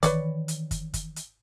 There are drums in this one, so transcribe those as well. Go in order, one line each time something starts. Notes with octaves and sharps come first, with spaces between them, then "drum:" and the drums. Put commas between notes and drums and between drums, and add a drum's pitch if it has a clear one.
D#3 E3 B4 C#5 D5, drum: kick, hi-hat
drum: hi-hat
drum: kick, hi-hat
drum: kick, hi-hat
drum: hi-hat